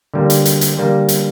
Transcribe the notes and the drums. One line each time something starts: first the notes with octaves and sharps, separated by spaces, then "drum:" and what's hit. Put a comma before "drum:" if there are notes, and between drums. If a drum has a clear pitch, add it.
D3 G3 A#3
drum: hi-hat
drum: hi-hat
drum: hi-hat
D3 G3 A#3
drum: hi-hat